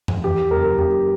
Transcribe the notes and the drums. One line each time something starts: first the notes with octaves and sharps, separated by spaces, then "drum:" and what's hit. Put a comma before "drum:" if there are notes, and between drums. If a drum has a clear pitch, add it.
drum: tom F#2
E2 G4
F#1 A#4
F#1 G4